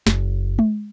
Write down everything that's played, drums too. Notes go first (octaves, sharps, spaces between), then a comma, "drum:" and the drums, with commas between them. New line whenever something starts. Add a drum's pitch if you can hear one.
F#1, drum: snare
drum: tom G#3